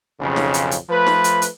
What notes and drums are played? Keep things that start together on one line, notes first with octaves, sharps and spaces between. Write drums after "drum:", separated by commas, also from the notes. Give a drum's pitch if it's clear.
B1 F2 C#3
drum: snare
drum: hi-hat
drum: hi-hat
F3 A3 B4
drum: snare
drum: hi-hat
drum: hi-hat